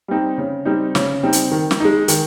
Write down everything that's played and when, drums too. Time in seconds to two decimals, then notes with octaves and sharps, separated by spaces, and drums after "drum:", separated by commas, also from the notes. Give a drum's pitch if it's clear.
0.08 G3 C4 D#4
0.38 C#3
0.65 G3 C4 D#4
0.95 C#3, drum: snare
1.23 G3 C4 D#4
1.33 drum: hi-hat
1.51 D#3
1.71 drum: snare
1.80 G#3 D#4
2.08 D#3, drum: hi-hat